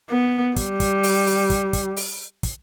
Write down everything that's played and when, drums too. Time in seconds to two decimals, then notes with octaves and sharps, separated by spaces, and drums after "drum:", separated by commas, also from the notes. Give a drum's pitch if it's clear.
0.10 B3
0.56 G3, drum: kick, hi-hat
0.80 drum: kick, hi-hat
1.03 drum: open hi-hat
1.27 drum: open hi-hat
1.50 drum: kick, hi-hat
1.73 drum: kick, hi-hat
1.96 drum: open hi-hat
2.43 drum: kick, hi-hat